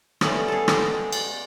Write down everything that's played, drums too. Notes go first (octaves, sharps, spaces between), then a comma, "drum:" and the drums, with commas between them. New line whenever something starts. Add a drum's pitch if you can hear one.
G3 A3 B3 C#4 D5, drum: rim click
G#4 A4
G5, drum: rim click
G#3
D5, drum: cymbal